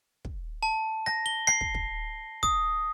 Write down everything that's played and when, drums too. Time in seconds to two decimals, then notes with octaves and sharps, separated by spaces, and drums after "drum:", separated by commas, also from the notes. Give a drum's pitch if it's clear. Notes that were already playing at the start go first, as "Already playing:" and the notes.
0.25 drum: kick
0.63 A5
1.06 A#6, drum: rim click
1.26 G7
1.47 C7, drum: rim click
1.61 drum: kick
1.74 drum: kick
2.43 D#6, drum: kick